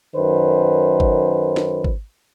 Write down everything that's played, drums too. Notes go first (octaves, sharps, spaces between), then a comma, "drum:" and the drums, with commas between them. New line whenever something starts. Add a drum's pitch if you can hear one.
F#2 D#3 B4 C5
drum: kick G#1
drum: snare
drum: kick G#1